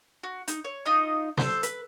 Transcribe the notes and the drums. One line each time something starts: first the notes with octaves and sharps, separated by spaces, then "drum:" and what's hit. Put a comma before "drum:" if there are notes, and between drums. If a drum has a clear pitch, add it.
F#4
D#4, drum: hi-hat
C#5
D#4 F4 D#5 D#6
A4 C5, drum: snare
B4, drum: hi-hat